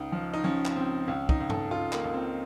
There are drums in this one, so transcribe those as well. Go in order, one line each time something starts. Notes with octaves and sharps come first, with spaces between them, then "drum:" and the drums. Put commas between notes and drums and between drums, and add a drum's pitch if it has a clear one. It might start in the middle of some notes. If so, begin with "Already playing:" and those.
Already playing: C#2 D#4
F3
D#4
F3 C#4
drum: clap
C#2 C4
C#2 C#4
D#4, drum: kick
C#2
A4, drum: tom
C#2 F4
A#3, drum: clap
C#2
C4